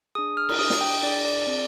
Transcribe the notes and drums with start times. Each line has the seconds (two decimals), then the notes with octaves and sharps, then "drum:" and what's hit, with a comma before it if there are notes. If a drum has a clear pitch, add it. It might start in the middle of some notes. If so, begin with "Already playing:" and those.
0.15 D4 G#4 D#6
0.37 F6
0.49 drum: cymbal
0.59 D4 G4 D#6
0.70 drum: snare
0.81 G5
1.03 D4 G#4 D5
1.25 D5
1.47 C4 F4 G#4